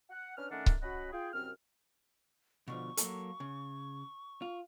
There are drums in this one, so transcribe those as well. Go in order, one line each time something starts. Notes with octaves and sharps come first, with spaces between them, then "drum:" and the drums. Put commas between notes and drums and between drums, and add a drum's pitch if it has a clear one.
F#5
C#4 D4 B4 F6
D#3 A3 C#4 D4 A#4 F#5
drum: kick C#1
C#4 F#4 D#5 F#5 B5
F4 G#4 G5
C2 F#2 C4 F6
B2 D3 F3 C#6
F#3 A#3 A4, drum: hi-hat
C#3
F4